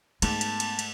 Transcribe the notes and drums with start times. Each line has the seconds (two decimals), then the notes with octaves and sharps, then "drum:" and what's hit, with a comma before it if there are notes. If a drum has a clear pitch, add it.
0.22 G#2 A3 B3 A#4 A5 D6, drum: cymbal
0.41 drum: cymbal
0.60 drum: cymbal
0.79 drum: cymbal